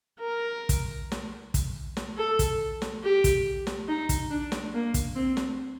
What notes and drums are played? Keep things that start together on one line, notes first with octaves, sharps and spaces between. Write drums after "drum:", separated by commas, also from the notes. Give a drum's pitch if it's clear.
A#4
drum: kick, hi-hat
drum: snare
drum: kick, hi-hat
drum: snare
A4
drum: kick, hi-hat
drum: snare
G4
drum: kick, hi-hat
drum: snare
D#4
drum: kick, hi-hat
D4
drum: snare
A#3
drum: kick, hi-hat
C4
drum: snare